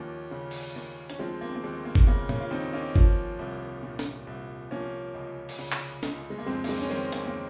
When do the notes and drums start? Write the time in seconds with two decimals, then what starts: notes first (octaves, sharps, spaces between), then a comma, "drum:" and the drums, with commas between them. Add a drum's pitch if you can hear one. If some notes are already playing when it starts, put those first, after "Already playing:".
Already playing: D#2 F3 A#3 C#4
0.31 C#3
0.51 drum: cymbal
0.76 D#2
1.10 C#4, drum: hi-hat
1.19 F3 G#3 C4
1.41 A#3
1.49 C4
1.55 A#3
1.64 D#2 G#3
1.85 A#3
1.95 drum: kick G1
2.07 C#3 A#3
2.29 A#3 C#4, drum: tom A2
2.40 F4
2.51 D#2 C4 D#4
2.73 A#3 C#4
2.96 F3, drum: kick G1
3.39 C2
3.83 A#2
3.99 drum: snare
4.27 C2
4.71 F3 A#3 C#4
5.14 C#2
5.49 drum: cymbal
5.59 C#3
5.72 drum: clap
6.03 C#2, drum: snare
6.30 G#3
6.38 A#3
6.46 F2 G#3 C4
6.64 A#3, drum: cymbal
6.68 G#3 C4
6.81 C#4
6.90 D#3 G#3 C4
7.12 A#3 C#4, drum: hi-hat
7.26 A#3